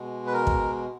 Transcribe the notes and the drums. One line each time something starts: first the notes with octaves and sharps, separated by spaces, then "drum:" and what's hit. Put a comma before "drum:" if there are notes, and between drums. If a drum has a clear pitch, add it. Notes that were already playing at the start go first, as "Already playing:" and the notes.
Already playing: B2 G#3
B4
A#4
drum: kick